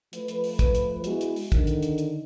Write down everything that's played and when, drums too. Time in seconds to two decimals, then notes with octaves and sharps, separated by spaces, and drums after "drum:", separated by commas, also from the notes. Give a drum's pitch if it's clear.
0.13 F3 A3 B4, drum: hi-hat
0.28 drum: hi-hat
0.44 drum: open hi-hat
0.59 drum: kick, hi-hat
0.75 drum: hi-hat
1.04 G#3 B3 E4 F#4, drum: hi-hat
1.21 drum: hi-hat
1.36 drum: open hi-hat
1.52 D3 D#3, drum: kick, hi-hat
1.67 drum: hi-hat
1.83 drum: hi-hat
1.98 drum: hi-hat